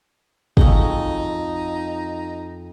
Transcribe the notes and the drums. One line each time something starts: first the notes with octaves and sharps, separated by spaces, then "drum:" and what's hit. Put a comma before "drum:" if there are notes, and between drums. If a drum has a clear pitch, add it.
F2 D#4 F#4 G#4, drum: kick